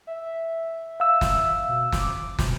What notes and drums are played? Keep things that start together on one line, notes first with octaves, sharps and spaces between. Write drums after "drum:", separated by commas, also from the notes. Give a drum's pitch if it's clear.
E5
F5 E6
drum: snare
B2
D6, drum: snare
B2, drum: snare